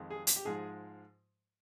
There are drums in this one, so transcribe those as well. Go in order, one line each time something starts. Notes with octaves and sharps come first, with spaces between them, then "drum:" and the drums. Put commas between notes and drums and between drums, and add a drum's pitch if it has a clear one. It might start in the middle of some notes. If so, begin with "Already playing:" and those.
Already playing: F2 D#3 G#3
G#4
drum: hi-hat
G4
G#2 F3 G#3 G#4